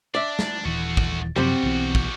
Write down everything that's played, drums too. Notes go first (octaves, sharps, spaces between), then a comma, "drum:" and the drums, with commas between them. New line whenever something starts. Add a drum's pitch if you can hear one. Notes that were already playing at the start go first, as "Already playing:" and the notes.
D4 D5 E5
drum: snare
D#1 E3 A3 F#4
drum: kick
F#2 C3 F3 G3 C4 F#4 G4
B1 B2 E3
drum: kick